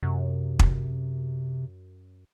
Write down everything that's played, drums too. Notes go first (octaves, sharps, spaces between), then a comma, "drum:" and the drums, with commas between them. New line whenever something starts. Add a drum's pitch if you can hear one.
F#2 C3
drum: kick